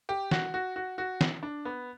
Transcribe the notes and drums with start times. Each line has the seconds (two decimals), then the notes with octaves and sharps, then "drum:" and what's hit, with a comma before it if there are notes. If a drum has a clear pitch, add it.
0.09 G4
0.31 F#4, drum: snare
0.54 F#4
0.76 F#4
0.98 F#4
1.21 drum: snare
1.43 D4
1.65 B3